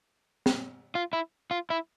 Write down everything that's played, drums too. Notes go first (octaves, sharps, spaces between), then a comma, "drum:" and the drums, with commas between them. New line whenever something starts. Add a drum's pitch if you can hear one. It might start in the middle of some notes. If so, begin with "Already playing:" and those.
drum: snare C4
F4
E4
F4
E4